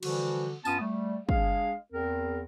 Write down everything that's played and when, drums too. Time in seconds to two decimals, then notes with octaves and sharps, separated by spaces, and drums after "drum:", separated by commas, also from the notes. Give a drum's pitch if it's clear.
0.03 D3 E3 F3 G3 F#4, drum: cymbal
0.65 G2 B3 C#4 F4 A5 D#6, drum: tambourine
0.80 G3 A3
1.29 G#3 D4 G#4 F5, drum: kick
1.93 E2 C4 A#4